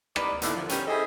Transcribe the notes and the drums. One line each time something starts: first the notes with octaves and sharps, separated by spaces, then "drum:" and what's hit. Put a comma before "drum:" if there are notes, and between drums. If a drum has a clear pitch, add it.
A#3 D#4 B4 D5, drum: rim click
D#2 A2 D3 D#3 B3 E4, drum: hi-hat
D3 F3
D#3 G3 B3 C#4, drum: hi-hat
C#4 E4 G#4 A4 C5 D#5